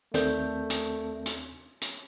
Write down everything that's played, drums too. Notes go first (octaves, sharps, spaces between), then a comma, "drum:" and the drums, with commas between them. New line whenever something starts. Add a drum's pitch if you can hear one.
D#2 A3 C4 A4 A#4 D5 G6, drum: hi-hat
drum: hi-hat
drum: hi-hat
drum: hi-hat